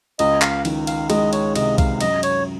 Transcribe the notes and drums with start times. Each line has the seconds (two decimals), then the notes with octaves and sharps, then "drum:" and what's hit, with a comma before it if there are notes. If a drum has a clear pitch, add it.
0.19 C#2 D#5, drum: cymbal
0.42 F5, drum: clap
0.65 D#3, drum: cymbal
0.87 F5, drum: cymbal
1.10 G#3 D#5, drum: cymbal
1.33 C#5, drum: cymbal
1.56 C3 D#5, drum: cymbal
1.78 F5, drum: kick B1, cymbal
2.01 F#2 D#5, drum: cymbal
2.23 C#5, drum: cymbal